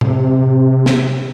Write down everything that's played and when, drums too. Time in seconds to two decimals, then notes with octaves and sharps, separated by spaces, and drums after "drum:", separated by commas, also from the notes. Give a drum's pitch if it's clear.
0.01 C3, drum: tom A2
0.86 drum: snare